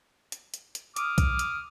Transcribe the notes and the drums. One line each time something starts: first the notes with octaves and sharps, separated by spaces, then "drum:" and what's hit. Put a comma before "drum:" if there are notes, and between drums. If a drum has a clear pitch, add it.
drum: hi-hat
drum: hi-hat
drum: hi-hat
D6 D#6 F6, drum: hi-hat
drum: kick B1, hi-hat
drum: hi-hat